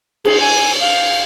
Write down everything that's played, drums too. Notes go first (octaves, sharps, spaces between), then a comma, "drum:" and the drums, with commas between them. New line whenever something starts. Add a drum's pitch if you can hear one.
G#4, drum: cymbal
G#5
F5